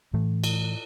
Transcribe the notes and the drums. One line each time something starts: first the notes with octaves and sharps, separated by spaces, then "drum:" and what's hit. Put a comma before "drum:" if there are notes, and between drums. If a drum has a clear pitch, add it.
A2 E3 A3
drum: cymbal